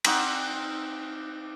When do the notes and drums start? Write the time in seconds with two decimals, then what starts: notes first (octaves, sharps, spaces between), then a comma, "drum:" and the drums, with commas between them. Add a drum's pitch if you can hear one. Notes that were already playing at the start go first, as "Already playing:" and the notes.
0.04 C4 D#4 D5 F#5, drum: cymbal